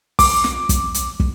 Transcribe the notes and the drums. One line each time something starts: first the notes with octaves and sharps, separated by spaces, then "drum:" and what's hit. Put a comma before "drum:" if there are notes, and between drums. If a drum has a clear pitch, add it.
D6, drum: kick, open hi-hat
drum: snare
drum: kick, hi-hat
drum: hi-hat
drum: kick